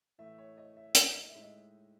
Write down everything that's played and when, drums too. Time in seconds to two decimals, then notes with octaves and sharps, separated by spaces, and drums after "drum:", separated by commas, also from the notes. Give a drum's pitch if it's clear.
0.18 A2 E3 A3 E5
0.38 C#5
0.57 D#5
0.77 E5
0.95 drum: hi-hat
1.15 D#5
1.29 E5
1.35 A2 G#3 D#4
1.42 D#5